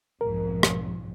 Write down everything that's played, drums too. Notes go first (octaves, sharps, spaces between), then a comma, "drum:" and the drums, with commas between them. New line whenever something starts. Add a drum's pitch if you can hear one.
B1 F2 G#2 A#4
drum: rim click